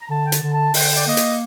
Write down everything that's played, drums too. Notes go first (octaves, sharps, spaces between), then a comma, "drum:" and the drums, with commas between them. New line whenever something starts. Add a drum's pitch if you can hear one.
A#5
D3 A5
G5
A5, drum: hi-hat
D3
A5
D3 G5, drum: open hi-hat
D5
A#3 D#5
drum: hi-hat